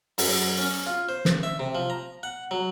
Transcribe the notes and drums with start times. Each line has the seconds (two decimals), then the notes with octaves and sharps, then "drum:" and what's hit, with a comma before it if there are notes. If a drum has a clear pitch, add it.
0.18 F#2, drum: open hi-hat
0.58 C#4
0.87 F4
1.09 C5
1.25 drum: snare
1.43 E5
1.59 C3
1.75 F3
1.90 A#5
2.23 F#5
2.51 F#3